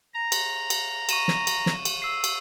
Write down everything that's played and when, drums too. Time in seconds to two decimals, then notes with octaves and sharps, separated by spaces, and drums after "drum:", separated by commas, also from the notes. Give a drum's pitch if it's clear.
0.14 A#5
0.32 drum: cymbal
0.70 drum: cymbal
1.09 C#6 D#7 E7, drum: cymbal
1.28 drum: snare
1.47 drum: cymbal
1.66 drum: snare
1.85 drum: cymbal
2.02 E6 C7
2.24 drum: cymbal